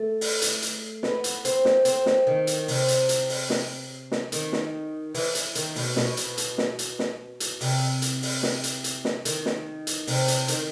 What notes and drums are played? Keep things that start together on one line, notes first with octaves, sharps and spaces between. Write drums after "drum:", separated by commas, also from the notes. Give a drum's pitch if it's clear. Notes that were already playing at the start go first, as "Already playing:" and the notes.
Already playing: A3
drum: open hi-hat
drum: hi-hat
drum: hi-hat
B3, drum: snare
drum: hi-hat
C4, drum: hi-hat
drum: snare
C4, drum: hi-hat
drum: snare
D#3
drum: hi-hat
C3, drum: open hi-hat
drum: hi-hat
drum: hi-hat
drum: open hi-hat
drum: snare
drum: snare
D#3, drum: hi-hat
drum: snare
E3, drum: open hi-hat
drum: hi-hat
D#3, drum: hi-hat
B2, drum: open hi-hat
B2, drum: snare
drum: hi-hat
drum: hi-hat
drum: snare
drum: hi-hat
drum: snare
drum: hi-hat
C3, drum: open hi-hat
drum: hi-hat
drum: open hi-hat
drum: snare
drum: hi-hat
drum: hi-hat
drum: snare
D#3, drum: hi-hat
drum: snare
drum: hi-hat
C3, drum: open hi-hat
drum: hi-hat
D#3, drum: hi-hat